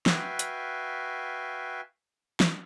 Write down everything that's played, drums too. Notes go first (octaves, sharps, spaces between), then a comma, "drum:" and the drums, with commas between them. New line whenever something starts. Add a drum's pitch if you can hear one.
F#4 B4 E5 F5 G5 G#5, drum: snare
drum: hi-hat
drum: snare